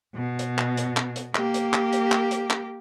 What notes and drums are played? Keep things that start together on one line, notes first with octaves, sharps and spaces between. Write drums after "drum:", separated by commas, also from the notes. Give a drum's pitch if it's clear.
B2
drum: hi-hat
drum: clap
drum: hi-hat
drum: clap
drum: hi-hat
A#3 G4, drum: clap
drum: hi-hat
drum: clap
drum: hi-hat
drum: clap
drum: hi-hat
drum: clap